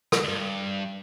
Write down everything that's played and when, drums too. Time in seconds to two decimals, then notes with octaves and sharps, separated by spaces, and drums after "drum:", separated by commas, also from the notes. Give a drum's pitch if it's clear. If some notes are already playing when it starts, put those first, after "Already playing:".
0.12 drum: rim click
0.24 D2 G2